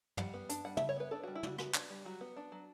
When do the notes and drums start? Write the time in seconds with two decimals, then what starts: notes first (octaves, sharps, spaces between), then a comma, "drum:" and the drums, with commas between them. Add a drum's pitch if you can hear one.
0.17 G3 F#5, drum: tom
0.34 B3
0.49 D4, drum: hi-hat
0.65 G3 F#5
0.77 G3 E5, drum: tom
0.89 C#5
0.96 B3 B4
1.11 D4 A4
1.24 G3 F#4
1.35 E4
1.43 G3 F#4, drum: tom
1.58 B3 F#4, drum: rim click
1.74 D4, drum: clap
1.90 G3
2.05 F#3 F#4
2.21 B3
2.37 D4
2.52 F#3